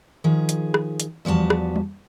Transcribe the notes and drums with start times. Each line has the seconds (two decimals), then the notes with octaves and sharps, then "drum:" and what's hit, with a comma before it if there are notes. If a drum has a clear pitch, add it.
0.24 D#3 F3 G#4
0.49 drum: hi-hat
0.74 drum: rim click
1.00 drum: hi-hat
1.25 E2 F3 G3 F#4 A5
1.50 drum: rim click
1.76 drum: tom G3